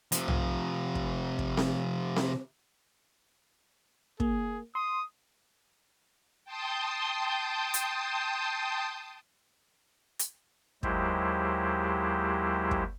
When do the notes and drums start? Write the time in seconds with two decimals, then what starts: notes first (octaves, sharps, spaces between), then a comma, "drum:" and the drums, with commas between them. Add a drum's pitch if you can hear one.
0.12 C3 F3, drum: hi-hat
0.28 drum: tom B1
0.95 drum: kick
1.39 drum: kick
1.57 drum: snare C4
2.16 drum: snare C4
4.20 A#3 G#4, drum: kick
4.75 C6 D#6
6.45 G5 A5 C6 D#6 G6
7.74 drum: hi-hat
10.19 drum: hi-hat
10.83 D#2 F#3 G#3 E4 G4 C5, drum: kick
12.71 drum: kick